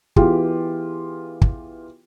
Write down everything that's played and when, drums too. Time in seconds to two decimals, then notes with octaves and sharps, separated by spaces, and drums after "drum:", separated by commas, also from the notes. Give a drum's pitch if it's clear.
0.16 E3 B3 F4 G4 G#4, drum: kick
1.41 drum: kick